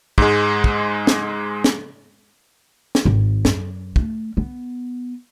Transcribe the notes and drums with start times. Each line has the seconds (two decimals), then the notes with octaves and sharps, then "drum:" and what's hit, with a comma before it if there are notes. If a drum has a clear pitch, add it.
0.18 G#2 G#3, drum: kick
0.64 drum: kick
1.07 drum: snare
1.64 drum: snare
2.95 drum: snare
3.05 G#1
3.45 F#2, drum: snare
3.96 A3, drum: kick
4.37 B3